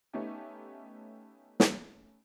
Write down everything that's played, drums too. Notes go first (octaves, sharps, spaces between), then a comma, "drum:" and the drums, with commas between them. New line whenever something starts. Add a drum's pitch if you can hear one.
A3 B3 C#4 D#4 G4
drum: snare